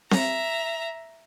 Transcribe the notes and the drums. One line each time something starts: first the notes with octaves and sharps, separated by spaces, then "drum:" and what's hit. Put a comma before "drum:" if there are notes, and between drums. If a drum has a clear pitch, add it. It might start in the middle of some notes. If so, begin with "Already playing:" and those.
E5 A#5, drum: snare C4